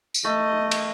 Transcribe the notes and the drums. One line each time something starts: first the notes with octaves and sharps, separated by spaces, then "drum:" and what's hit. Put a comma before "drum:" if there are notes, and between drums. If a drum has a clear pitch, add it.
drum: tambourine
A3 D#5
drum: cymbal